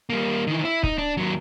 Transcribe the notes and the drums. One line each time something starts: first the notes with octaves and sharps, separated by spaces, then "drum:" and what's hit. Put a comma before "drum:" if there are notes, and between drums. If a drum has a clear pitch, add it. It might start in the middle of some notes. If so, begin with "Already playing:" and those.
G3 A#3
D#3 E3
E4
D#4, drum: kick
D4
D#2 F#3